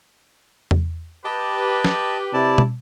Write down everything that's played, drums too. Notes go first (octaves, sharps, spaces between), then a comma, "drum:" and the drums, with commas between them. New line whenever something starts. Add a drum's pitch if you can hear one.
drum: tom E2
G4 B4 D#5 A5
drum: snare
C3 E4 D5 A5
drum: tom